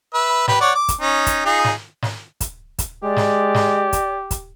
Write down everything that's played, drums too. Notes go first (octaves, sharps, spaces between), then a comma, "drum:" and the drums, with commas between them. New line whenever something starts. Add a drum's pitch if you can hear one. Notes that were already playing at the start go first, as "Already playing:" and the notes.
B4 E5
G4 B4, drum: snare
C#5 D5 F#5
D6
drum: kick, hi-hat
C#4 D#4
drum: kick, hi-hat
D#4 F4 G#4
drum: snare
drum: snare
drum: kick, hi-hat
drum: kick, hi-hat
G#3 G4 D5
drum: snare
drum: snare
drum: kick, hi-hat
drum: kick, hi-hat